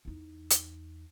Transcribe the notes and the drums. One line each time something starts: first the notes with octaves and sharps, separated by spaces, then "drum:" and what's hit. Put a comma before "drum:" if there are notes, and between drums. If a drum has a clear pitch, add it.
E2 D#4
drum: hi-hat